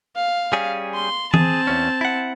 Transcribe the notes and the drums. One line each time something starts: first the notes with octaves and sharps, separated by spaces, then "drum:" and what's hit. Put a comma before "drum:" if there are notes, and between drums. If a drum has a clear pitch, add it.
F5
G3 C#4 G#4
C6
C4 G#4 A5, drum: tom E3
E2 C#4
E4 F#5